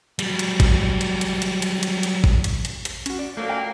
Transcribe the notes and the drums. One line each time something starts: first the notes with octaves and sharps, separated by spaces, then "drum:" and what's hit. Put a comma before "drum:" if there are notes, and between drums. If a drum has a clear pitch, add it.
F#3 G3, drum: hi-hat
drum: hi-hat
drum: kick, hi-hat
drum: hi-hat
drum: hi-hat
drum: hi-hat
drum: hi-hat
drum: hi-hat
drum: hi-hat
drum: kick
drum: hi-hat
drum: hi-hat
drum: hi-hat
C#4 F#4, drum: hi-hat
D5
F3 F#3 A3 A#3
G5